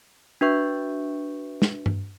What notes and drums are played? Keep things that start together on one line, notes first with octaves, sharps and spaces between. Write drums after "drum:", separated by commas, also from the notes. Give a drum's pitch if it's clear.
D4 F#4 B4 E5 C#6 G6
drum: snare
drum: tom G2